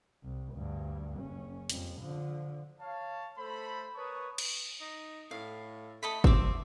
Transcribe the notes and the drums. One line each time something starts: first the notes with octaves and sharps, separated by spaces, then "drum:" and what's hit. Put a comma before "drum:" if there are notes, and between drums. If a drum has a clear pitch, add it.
C2
D2 G2
F#1 C#4
F2 G3, drum: hi-hat
D3 F3
C#5 F5 A5
A3 A4 C5 B5
A#4 B4 C#5 A5 C#6 D#6
drum: cymbal
D#4
A2 F5
A3 A4 D#5 B5
C4 E5 D6, drum: kick